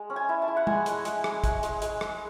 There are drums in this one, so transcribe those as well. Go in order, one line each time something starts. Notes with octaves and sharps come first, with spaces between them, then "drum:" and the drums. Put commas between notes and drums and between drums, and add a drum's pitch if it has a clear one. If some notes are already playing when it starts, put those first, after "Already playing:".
Already playing: G#3
C#4
G#5
E4
A5
E4
F#5
G#3 G#5, drum: tom
G#3, drum: hi-hat
G#3, drum: hi-hat
G#3, drum: rim click
G#3, drum: kick, hi-hat
G#3, drum: hi-hat
G#3, drum: hi-hat
G#3, drum: rim click